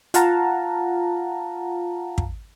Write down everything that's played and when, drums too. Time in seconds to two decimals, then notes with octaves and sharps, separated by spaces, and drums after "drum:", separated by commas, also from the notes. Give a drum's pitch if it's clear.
0.14 F4 F5 F#5 A5 A#5, drum: hi-hat
2.18 drum: kick